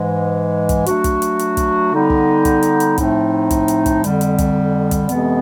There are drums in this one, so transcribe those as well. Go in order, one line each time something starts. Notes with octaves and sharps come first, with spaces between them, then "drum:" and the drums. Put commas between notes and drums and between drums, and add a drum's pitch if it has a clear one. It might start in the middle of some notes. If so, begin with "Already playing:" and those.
Already playing: G#2 E3 G#3
drum: kick, hi-hat
F#3 A3 D4 F#4, drum: hi-hat
drum: kick, hi-hat
drum: hi-hat
drum: hi-hat
drum: kick, hi-hat
D3 G3 B3 D#4
drum: kick
drum: kick, hi-hat
drum: hi-hat
drum: hi-hat
A2 F3 A3 C4 D#4, drum: kick, hi-hat
drum: kick, hi-hat
drum: hi-hat
drum: kick, hi-hat
F2 D3 G3, drum: hi-hat
drum: hi-hat
drum: kick, hi-hat
drum: kick, hi-hat
F2 C3 E3 G#3 B3, drum: hi-hat